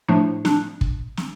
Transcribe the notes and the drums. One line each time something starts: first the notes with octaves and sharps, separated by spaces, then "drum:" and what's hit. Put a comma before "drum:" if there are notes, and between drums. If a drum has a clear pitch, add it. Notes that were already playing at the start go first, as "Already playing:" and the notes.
A2 F3 A3 D4
D4, drum: snare
drum: kick
drum: snare